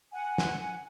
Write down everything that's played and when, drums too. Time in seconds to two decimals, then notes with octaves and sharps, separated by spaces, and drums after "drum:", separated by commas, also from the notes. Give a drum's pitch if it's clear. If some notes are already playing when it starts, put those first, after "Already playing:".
0.13 F#5 G#5
0.38 drum: snare